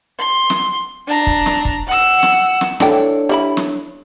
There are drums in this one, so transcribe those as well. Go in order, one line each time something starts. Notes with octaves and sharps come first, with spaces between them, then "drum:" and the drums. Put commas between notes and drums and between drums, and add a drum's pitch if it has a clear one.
C6
drum: snare
D4 A#5
drum: kick
drum: snare
drum: kick
F#5 E6
drum: snare
drum: snare
E3 D4 A4 C#5 G5, drum: snare
G3 E4 B5
drum: snare